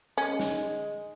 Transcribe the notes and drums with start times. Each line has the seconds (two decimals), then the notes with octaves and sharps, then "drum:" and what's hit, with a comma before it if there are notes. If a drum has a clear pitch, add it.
0.18 G#3 C#4
0.40 drum: snare